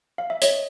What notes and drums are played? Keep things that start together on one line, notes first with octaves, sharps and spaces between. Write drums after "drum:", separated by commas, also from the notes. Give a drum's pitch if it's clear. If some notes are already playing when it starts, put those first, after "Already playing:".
F5
E5
C#5 D#5, drum: hi-hat